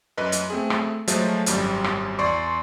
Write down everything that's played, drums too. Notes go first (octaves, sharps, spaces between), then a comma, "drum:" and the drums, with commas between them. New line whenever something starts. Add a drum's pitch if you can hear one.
F#2 B4 D#5
drum: hi-hat
A3 C4 G#4
drum: rim click
F3 F#3 G#3 A3, drum: hi-hat
G#1 F#2 G3, drum: hi-hat
drum: rim click
E2 D5 C6 C#6